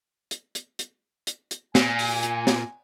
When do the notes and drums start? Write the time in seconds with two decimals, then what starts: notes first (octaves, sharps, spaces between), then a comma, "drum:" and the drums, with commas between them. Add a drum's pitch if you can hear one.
0.31 drum: hi-hat
0.55 drum: hi-hat
0.79 drum: hi-hat
1.27 drum: hi-hat
1.51 drum: hi-hat
1.75 A#2 G#5, drum: snare
1.99 drum: open hi-hat
2.23 drum: hi-hat
2.47 drum: snare